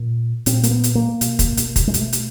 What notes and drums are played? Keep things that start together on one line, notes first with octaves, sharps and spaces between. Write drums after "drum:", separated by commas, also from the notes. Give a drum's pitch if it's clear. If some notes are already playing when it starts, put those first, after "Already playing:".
Already playing: A#2
A#2 C4, drum: hi-hat
A#3, drum: hi-hat
B3
drum: hi-hat
A#3
B2, drum: hi-hat
drum: kick, hi-hat
drum: hi-hat
drum: kick, hi-hat
G#3
B2 A3, drum: hi-hat
drum: hi-hat